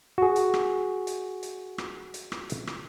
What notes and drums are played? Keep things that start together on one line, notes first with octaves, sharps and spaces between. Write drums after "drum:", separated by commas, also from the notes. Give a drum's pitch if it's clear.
F#4 G#4
drum: hi-hat
drum: rim click
drum: hi-hat
drum: hi-hat
drum: rim click
drum: hi-hat
drum: rim click
drum: hi-hat
drum: rim click